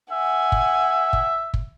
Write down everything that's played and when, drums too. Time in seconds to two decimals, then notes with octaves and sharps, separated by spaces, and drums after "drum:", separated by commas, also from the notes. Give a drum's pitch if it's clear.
0.12 E5 F#5 G#5
0.52 drum: kick
1.13 drum: kick
1.54 drum: kick